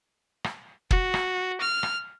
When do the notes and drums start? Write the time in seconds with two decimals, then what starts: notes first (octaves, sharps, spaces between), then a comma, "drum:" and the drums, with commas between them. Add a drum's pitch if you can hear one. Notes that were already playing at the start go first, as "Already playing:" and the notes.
0.44 drum: rim click
0.91 F#4, drum: kick
1.14 drum: rim click
1.61 F6
1.83 drum: rim click